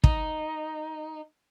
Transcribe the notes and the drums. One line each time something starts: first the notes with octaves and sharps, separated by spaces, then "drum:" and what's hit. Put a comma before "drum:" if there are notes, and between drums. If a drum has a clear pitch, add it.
D#4, drum: kick